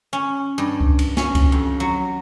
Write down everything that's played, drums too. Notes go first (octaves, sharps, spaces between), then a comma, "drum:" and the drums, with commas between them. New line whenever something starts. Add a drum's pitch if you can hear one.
C#4
G2
drum: kick C#2
drum: cymbal
C#4, drum: snare
drum: kick C#2, cymbal
F2
F#3